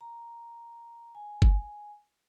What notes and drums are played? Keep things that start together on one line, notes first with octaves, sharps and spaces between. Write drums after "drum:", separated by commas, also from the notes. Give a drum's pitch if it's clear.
A#5
G#5
drum: kick